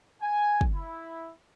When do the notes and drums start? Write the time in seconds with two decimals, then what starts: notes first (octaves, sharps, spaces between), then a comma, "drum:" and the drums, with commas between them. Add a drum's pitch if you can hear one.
0.21 G#5
0.61 drum: kick
0.74 E4